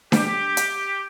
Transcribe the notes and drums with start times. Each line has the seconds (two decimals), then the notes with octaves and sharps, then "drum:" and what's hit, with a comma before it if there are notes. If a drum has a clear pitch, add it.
0.12 G4, drum: snare D4
0.57 drum: hi-hat